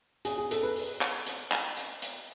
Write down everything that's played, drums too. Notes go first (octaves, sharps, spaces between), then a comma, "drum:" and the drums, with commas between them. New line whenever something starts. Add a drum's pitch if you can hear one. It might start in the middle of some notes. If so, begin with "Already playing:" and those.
G#4, drum: hi-hat
G#4
A4, drum: hi-hat
B4
drum: open hi-hat
drum: clap
drum: hi-hat
drum: clap
drum: hi-hat
drum: hi-hat